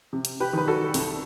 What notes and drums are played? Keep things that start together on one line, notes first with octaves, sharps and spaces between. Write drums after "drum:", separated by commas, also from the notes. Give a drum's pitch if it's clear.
C3
drum: hi-hat
G4 B4
D#3 B4
F#4 A4
C2, drum: open hi-hat